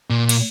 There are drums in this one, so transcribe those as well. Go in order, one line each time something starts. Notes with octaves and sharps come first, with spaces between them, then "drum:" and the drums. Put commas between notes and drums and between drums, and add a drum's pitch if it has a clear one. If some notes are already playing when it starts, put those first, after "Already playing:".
A#2
drum: cymbal